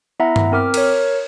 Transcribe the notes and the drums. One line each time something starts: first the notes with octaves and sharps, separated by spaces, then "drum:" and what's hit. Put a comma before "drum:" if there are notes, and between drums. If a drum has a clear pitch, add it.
B3 E4 E5 F#5 A#5
drum: tom G2
C4 A#4 D6 F6
A#4 C#5, drum: cymbal